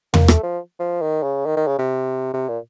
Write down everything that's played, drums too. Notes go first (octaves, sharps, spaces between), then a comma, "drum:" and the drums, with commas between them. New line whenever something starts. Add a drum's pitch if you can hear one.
A#3, drum: tom E2
A3, drum: rim click
F3
F3
D#3
C#3
D#3
D#3
C#3
C3
C3
A#2